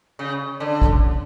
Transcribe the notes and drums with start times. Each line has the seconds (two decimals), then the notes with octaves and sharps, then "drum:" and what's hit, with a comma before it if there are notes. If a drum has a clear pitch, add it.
0.19 C#3
0.60 D3
0.82 drum: kick